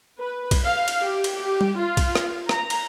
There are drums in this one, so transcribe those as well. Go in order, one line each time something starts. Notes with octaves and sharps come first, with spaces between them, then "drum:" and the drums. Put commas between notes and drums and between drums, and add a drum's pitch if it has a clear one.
B4
drum: kick B1, cymbal
F5
drum: cymbal
G4
drum: cymbal
G4
drum: tom G3
F4
drum: kick B1, cymbal
drum: rim click
A#5, drum: rim click
drum: cymbal